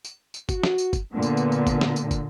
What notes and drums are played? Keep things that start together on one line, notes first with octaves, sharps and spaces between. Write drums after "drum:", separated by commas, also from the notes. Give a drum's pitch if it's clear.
drum: tambourine
drum: tambourine
F#4, drum: kick, tambourine
drum: snare
drum: tambourine
drum: kick, tambourine
A#2 D3 B3
drum: tambourine
drum: tambourine
drum: tambourine
drum: kick, tambourine
drum: snare
drum: tambourine
drum: kick, tambourine